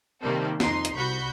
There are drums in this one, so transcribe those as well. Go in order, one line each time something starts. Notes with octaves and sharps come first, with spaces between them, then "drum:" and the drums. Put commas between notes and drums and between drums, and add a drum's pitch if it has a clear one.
C3 D#3 G3 A#3 C4 A4
F2 D#4 C6, drum: snare
drum: hi-hat
C2 F#4 B5 C#6 G6